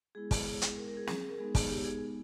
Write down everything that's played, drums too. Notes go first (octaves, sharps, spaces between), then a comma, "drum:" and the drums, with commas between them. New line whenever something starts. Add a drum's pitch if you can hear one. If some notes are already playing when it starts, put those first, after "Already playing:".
G#3 B3 E4 G#4
drum: kick, open hi-hat
drum: hi-hat
A#4
A#4
G#4
G#4, drum: snare
G#4
A#4
G#3 B3 D#4 G#4
G#4, drum: kick, open hi-hat
G4
G#4